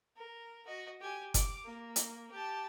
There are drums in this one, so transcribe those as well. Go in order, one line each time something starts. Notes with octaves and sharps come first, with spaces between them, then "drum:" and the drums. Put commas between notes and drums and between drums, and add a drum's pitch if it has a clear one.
A#4
F#4 D#5
G4 G#5
D6, drum: kick F#1, hi-hat
A#3
drum: hi-hat
G4 A5